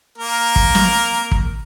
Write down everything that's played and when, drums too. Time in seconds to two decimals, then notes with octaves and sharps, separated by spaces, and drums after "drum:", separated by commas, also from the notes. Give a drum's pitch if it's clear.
0.18 A#3 A#4
0.56 drum: kick
0.75 drum: snare
1.31 drum: kick